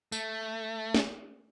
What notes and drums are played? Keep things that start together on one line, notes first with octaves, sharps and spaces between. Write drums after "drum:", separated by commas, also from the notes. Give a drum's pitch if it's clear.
A3, drum: tambourine
drum: snare